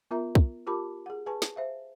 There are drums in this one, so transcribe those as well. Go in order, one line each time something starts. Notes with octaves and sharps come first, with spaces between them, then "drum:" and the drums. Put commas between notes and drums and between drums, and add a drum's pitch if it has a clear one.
B3 F4 A#4 E5 A#5
drum: kick
F4 G4 A#4 A5 B5 D6
G#4 F#5
G#4 B4 G#5 A5 C#6
drum: snare
C5 E5 F5